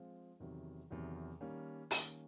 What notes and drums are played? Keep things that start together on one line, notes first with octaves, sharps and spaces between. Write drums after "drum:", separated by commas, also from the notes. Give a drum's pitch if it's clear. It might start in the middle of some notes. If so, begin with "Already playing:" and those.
Already playing: F3 G#3 C4 F4 G#4
E2 C3 D#3 F#3
E2 C3 D#3 F#3
D#3 G3 A#3 C#4
D#3 G3 A#3 C#4, drum: open hi-hat